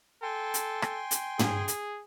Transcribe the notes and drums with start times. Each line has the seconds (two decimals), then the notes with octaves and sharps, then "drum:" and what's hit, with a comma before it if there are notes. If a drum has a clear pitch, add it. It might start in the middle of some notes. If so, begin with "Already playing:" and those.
0.22 A4 G5 G#5 C6
0.54 drum: hi-hat
0.82 drum: rim click
1.11 drum: hi-hat
1.39 G#4, drum: tom
1.68 drum: hi-hat